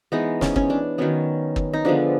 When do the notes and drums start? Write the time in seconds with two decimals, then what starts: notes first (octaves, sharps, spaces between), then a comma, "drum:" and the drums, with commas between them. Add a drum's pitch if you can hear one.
0.12 E3 G#3 B3 D#4
0.41 C#4, drum: snare
0.56 C#4, drum: kick
0.70 D4
0.98 D#3 F#3 B3 C#4
1.56 drum: kick
1.73 D#4
1.85 D3 F3 G#3 B3 D4